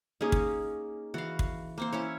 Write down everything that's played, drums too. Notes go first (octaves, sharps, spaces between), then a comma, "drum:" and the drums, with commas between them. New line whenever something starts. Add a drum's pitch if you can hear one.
A#3 C#4 D#4 G#4 D#6
drum: kick
E3 F#4 F5
drum: kick
A#3 C4 C5
C#4 E4 C#5